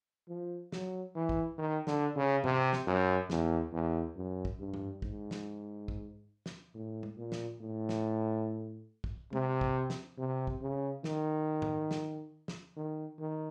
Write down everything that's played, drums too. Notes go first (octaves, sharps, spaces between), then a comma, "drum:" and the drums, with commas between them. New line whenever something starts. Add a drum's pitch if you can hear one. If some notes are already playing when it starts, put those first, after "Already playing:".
F3
F#3, drum: snare
E3
drum: kick
D#3
D3, drum: snare
C#3
C3, drum: tom G#2
drum: snare
F#2
E2, drum: snare
E2
F#2
drum: kick
G2
drum: tom G#2
G#2, drum: kick
drum: snare
drum: kick
drum: snare
A2
drum: tom
A#2
drum: snare
A2
drum: snare
drum: kick
C3, drum: tom
drum: kick
drum: snare
C3
drum: kick
C#3
D#3, drum: snare
drum: tom G#2
drum: snare
drum: snare
D#3
D#3